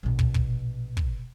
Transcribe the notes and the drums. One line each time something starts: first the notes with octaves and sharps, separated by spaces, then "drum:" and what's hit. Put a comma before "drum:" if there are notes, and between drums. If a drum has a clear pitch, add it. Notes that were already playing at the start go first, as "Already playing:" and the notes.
A#1 B2
drum: kick
drum: kick
drum: kick